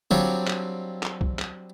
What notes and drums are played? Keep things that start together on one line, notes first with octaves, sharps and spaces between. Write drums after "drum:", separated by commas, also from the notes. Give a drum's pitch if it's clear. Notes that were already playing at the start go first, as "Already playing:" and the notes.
F#3 G3 C4 D4 F4 C#5
drum: clap
drum: clap
drum: kick B1
drum: clap